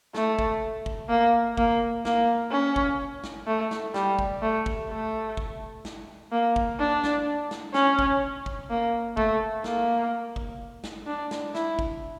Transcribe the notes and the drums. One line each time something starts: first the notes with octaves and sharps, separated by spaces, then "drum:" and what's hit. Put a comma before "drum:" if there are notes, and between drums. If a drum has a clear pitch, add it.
A3, drum: snare
drum: kick
drum: kick
A#3
A#3, drum: kick
A#3, drum: snare
C#4
drum: kick
drum: snare
A3
drum: snare
G3, drum: snare
drum: kick
A3
drum: kick
A3
drum: kick
drum: snare
A#3
drum: kick
D4
drum: snare
drum: snare
C#4, drum: snare
drum: kick
drum: kick
A#3
A3, drum: kick
A#3, drum: snare
drum: kick
drum: snare
D4
drum: snare
E4, drum: snare
drum: kick